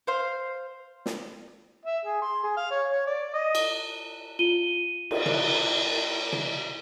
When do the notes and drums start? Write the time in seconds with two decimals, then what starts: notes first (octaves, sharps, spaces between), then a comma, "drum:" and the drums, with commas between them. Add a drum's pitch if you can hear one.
0.07 C5 F5
1.06 drum: snare
1.85 E5
2.05 G#4
2.22 C6
2.44 G#4
2.57 F5
2.71 C#5
2.91 C#5
3.07 D5
3.34 D#5
3.55 drum: cymbal
4.39 F4 D#7 G7
5.11 drum: cymbal
5.26 drum: tom
6.33 drum: tom